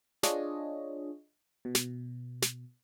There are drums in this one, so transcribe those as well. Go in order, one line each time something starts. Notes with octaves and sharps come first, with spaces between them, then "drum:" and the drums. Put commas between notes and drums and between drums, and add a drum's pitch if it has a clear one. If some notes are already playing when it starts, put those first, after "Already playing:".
D4 F4 G#4 C#5 D#5, drum: snare
B2
drum: snare
drum: snare